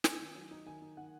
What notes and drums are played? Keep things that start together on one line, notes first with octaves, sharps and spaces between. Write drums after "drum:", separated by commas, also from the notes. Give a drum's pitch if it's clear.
D#4 G#5, drum: snare
D#3
F#3
D#4
D#3 G#5
D#4
D#3 F#5